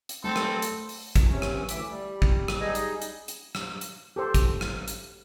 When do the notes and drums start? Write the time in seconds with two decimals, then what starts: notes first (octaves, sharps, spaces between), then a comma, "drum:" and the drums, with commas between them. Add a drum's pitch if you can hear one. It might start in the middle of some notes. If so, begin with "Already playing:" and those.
0.09 drum: hi-hat
0.24 A3 C4 A4
0.36 drum: rim click
0.62 drum: hi-hat
0.89 drum: open hi-hat
1.16 drum: kick, hi-hat
1.29 C3 C#4
1.42 drum: rim click
1.69 D2 E3 E5 D6, drum: hi-hat
1.91 G3
2.22 drum: kick
2.48 drum: rim click
2.60 G3 D#4 G#4 D#5
2.75 drum: hi-hat
3.02 drum: hi-hat
3.28 drum: hi-hat
3.55 drum: rim click
3.81 drum: hi-hat
4.16 G4 A4 C5
4.34 drum: kick, hi-hat
4.61 drum: rim click
4.88 drum: hi-hat